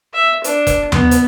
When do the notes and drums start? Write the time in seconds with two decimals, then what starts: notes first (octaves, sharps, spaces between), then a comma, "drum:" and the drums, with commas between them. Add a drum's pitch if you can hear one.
0.14 E5
0.44 D4, drum: hi-hat
0.67 drum: kick F1, hi-hat
0.92 B3, drum: tom D#2
1.11 drum: hi-hat